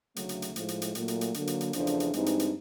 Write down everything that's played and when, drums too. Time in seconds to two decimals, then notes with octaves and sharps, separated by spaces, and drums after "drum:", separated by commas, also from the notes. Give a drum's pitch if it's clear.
0.16 D2 C#3 F#3 A3, drum: hi-hat
0.29 drum: hi-hat
0.42 drum: hi-hat
0.56 A2 F3 G#3, drum: hi-hat
0.68 drum: hi-hat
0.82 drum: hi-hat
0.95 A#2 F#3 A3, drum: hi-hat
1.08 drum: hi-hat
1.21 drum: hi-hat
1.34 D3 F#3 A#3, drum: hi-hat
1.47 drum: hi-hat
1.61 drum: hi-hat
1.73 E2 C#3 F3 A3 D4, drum: hi-hat
1.87 drum: hi-hat
2.00 drum: hi-hat
2.13 G2 E3 G#3 C4 D#4, drum: hi-hat
2.26 drum: hi-hat
2.39 drum: hi-hat